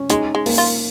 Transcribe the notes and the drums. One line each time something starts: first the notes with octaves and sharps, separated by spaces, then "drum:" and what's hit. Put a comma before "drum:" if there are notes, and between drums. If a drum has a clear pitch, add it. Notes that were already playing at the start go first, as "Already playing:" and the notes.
Already playing: C#4
G#3 D#4, drum: hi-hat
G#3
A#3, drum: open hi-hat
F4